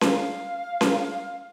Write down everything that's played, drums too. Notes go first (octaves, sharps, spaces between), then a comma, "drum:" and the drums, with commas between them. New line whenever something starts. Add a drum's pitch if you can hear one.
F5, drum: snare C#4
drum: snare C#4